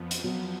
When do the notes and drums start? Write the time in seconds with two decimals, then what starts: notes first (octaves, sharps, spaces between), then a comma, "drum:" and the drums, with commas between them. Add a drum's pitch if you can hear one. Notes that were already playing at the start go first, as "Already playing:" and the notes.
Already playing: F2 F3 B3
0.11 drum: hi-hat
0.24 F#3